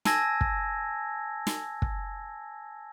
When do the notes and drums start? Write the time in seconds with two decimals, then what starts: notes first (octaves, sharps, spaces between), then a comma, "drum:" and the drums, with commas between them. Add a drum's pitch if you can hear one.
0.05 G#5 A5 E6 G#6 A#6, drum: snare
0.41 drum: kick
1.47 drum: snare
1.82 drum: kick